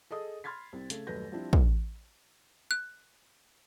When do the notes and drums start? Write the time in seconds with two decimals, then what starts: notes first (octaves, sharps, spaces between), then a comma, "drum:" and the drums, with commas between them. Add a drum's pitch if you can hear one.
0.11 G#4 A4 D#5 D#6
0.44 B5 C6 F6 G#6 A6 B6
0.73 C2 C4
0.90 C#3 A3, drum: hi-hat
1.07 D#1 F#2 A3 B4 G6 A#6
1.32 F3 G3 C4 D4 E4
1.53 drum: kick
2.71 F#6